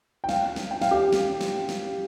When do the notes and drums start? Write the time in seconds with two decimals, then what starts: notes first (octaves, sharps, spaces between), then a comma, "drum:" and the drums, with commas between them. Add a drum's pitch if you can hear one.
0.24 G5
0.29 F5, drum: snare
0.56 drum: snare
0.71 G5
0.82 F5, drum: snare
0.91 G4
1.13 drum: snare
1.41 drum: snare
1.69 drum: snare